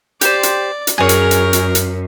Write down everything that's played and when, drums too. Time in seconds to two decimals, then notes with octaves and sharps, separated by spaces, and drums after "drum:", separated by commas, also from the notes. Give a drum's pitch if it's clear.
0.21 G4 C5 D5, drum: hi-hat
0.43 drum: hi-hat
0.87 drum: hi-hat
0.98 F#2 G#4 A#4 C#5
1.09 drum: hi-hat
1.31 drum: hi-hat
1.53 drum: hi-hat
1.75 drum: hi-hat